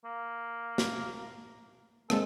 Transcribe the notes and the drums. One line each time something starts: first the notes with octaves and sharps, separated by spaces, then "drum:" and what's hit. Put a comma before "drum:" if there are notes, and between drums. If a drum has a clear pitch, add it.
A#3
drum: snare
G#3 A#3 C4 A4, drum: rim click